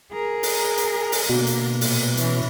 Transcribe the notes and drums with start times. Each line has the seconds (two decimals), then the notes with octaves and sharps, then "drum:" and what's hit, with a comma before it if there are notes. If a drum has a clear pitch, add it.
0.12 G#4 A#4
0.43 drum: open hi-hat
0.78 drum: hi-hat
1.12 drum: open hi-hat
1.29 B2 D3 A#3
1.47 drum: hi-hat
1.81 A#2, drum: open hi-hat
2.17 E3 C#4, drum: hi-hat